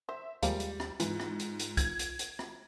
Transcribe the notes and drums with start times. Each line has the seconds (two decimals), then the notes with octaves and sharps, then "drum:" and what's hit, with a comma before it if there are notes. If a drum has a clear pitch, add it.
0.09 C5 E5
0.43 D#2 F3 G3 G#3 A#3 F5, drum: hi-hat
0.60 drum: hi-hat
0.80 drum: rim click
1.00 G#2 E3 F4, drum: hi-hat
1.20 drum: rim click
1.40 drum: hi-hat
1.59 drum: hi-hat
1.77 G#6, drum: kick, hi-hat
1.99 drum: hi-hat
2.19 drum: hi-hat
2.39 drum: rim click